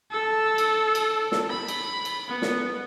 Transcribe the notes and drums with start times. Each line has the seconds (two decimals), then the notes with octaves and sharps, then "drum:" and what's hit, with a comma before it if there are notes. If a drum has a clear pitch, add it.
0.11 A4 E6
0.58 drum: cymbal
0.95 drum: cymbal
1.32 drum: snare
1.50 B5
1.68 drum: cymbal
2.05 drum: cymbal
2.29 B3
2.42 drum: snare